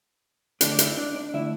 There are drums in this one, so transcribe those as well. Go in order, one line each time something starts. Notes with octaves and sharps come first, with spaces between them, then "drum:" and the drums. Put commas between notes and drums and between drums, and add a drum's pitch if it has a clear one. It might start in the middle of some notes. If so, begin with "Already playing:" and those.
D3 A3 D4 D5, drum: hi-hat
D5
E4 E5, drum: hi-hat
D4 D5
D4 D5
D3 A3 E4 E5